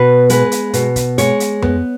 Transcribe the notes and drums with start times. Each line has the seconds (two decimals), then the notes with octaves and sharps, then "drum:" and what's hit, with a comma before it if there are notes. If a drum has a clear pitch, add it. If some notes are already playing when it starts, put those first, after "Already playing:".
Already playing: B2 B4
0.30 G#3 B4, drum: hi-hat
0.52 drum: hi-hat
0.73 B2, drum: hi-hat
0.96 drum: kick, hi-hat
1.18 G#3 C#5, drum: hi-hat
1.40 drum: hi-hat
1.62 B3, drum: tom F2